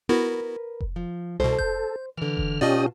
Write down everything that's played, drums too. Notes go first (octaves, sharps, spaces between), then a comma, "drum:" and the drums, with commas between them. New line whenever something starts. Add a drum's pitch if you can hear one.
B3 E4 F#4 A#4 B4
drum: kick F1
F3
C2 B2 A4 C5
G6, drum: kick F1
D3 E3 F6
drum: kick F1
B2 C#4 F4 G4 D5 D#5 A5 D#6